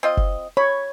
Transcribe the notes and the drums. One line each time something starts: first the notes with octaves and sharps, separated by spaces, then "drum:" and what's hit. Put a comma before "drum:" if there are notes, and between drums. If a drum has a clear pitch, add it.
C4 F4 D#5
drum: kick F#1
C#5 B5